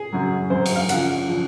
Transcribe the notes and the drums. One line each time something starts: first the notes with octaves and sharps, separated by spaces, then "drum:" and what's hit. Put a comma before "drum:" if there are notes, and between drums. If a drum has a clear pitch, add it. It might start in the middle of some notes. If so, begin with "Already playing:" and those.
Already playing: G#4
F#2 C#3 F#3
F#2 C#3 F#3 C5
drum: cymbal
F5
F#2 C#3 F3 F#5, drum: hi-hat
C#3 F3